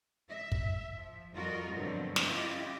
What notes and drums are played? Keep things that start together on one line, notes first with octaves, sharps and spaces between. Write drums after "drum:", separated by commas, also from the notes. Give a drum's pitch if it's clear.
E5
drum: kick
F3
F2 G3 F4 F#4 A#4 D#5
G2 B2 D3 F3 F#3 C4
C#4 E4 F4 G4 D#5, drum: snare